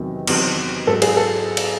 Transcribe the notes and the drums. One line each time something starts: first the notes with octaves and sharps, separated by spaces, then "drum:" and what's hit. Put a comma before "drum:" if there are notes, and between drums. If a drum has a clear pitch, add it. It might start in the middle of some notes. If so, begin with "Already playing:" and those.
Already playing: E2 C3 D#3 F#3
E2 C3 D#3 F#3, drum: cymbal
G#2 F#3 A4
G#4, drum: cymbal
A4
drum: cymbal